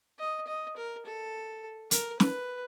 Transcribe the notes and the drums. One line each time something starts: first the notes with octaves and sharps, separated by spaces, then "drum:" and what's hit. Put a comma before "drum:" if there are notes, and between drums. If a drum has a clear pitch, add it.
D#5
D#5
A#4
A4
A#4, drum: hi-hat
B4, drum: snare